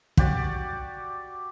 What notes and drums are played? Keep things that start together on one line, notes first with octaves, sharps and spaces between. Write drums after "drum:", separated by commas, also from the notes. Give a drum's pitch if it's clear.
F#4 G4 D5 F#5, drum: kick